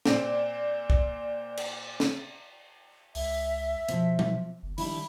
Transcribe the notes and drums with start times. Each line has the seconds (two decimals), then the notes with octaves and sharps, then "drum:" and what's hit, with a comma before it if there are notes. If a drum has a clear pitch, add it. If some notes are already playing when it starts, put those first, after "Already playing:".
0.05 A#2 C4 D5, drum: snare
0.90 drum: kick
1.57 drum: cymbal
2.00 drum: snare
3.15 C#2 E5, drum: open hi-hat
3.89 B2 F3 C4, drum: hi-hat
4.19 drum: tom F#3
4.63 G1
4.78 D#3 G3 D4 E4 B5, drum: open hi-hat